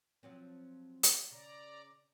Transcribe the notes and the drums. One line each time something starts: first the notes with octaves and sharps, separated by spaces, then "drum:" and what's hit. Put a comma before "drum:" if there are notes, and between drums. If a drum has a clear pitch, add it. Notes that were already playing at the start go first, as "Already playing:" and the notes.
F3 F#3 C4
drum: hi-hat
C#3 D5 A#5